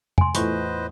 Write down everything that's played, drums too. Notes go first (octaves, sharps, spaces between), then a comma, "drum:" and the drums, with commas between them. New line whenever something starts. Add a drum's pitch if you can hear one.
G#5 C6, drum: tom F2
E2 A2 A3 F4 B4 C5 D#5 C#6, drum: hi-hat